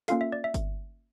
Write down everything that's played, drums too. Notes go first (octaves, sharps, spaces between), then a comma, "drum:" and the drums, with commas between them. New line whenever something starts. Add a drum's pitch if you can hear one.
A#3 C#4 F4 A4 F5, drum: hi-hat
E5
D5
E5
drum: kick G1, hi-hat